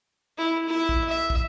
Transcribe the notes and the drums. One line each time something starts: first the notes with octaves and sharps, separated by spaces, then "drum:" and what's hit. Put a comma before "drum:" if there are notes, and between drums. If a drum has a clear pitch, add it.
E4
E4 E5
drum: kick
E5
drum: kick